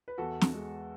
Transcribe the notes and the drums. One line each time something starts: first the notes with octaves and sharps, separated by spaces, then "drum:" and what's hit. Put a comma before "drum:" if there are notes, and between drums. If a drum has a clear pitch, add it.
B4
E2 F#4 A4
drum: snare
G#3